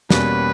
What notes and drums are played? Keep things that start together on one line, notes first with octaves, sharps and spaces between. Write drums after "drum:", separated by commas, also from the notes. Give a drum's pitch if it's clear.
E2 B2 G3 A#3 C#4 B4, drum: snare